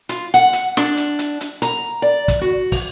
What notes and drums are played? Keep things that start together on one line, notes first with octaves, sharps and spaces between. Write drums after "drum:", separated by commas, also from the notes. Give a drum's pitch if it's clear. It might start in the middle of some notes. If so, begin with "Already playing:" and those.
F4, drum: hi-hat
F#5, drum: hi-hat
drum: hi-hat
D4, drum: snare
drum: hi-hat
drum: hi-hat
drum: hi-hat
A#5, drum: hi-hat
D5
drum: kick, hi-hat
F#4
drum: kick, open hi-hat